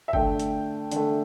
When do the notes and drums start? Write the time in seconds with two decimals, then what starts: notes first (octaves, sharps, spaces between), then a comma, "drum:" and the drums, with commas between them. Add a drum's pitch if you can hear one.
0.08 E5
0.13 D3 A3 G5, drum: kick G1
0.39 drum: hi-hat
0.91 D3 A3, drum: hi-hat